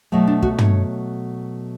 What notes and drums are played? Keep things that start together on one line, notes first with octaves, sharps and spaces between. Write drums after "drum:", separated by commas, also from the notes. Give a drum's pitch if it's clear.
B2 F#3 A3
D4
F#4, drum: kick
C#5, drum: tom